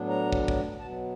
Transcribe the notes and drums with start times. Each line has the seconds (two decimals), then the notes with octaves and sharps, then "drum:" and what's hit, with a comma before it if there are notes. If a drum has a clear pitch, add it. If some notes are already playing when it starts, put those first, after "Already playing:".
Already playing: A2 F#3 B3 D4
0.09 A#5
0.32 drum: kick
0.48 drum: kick
0.80 B2 F#3 B3 A5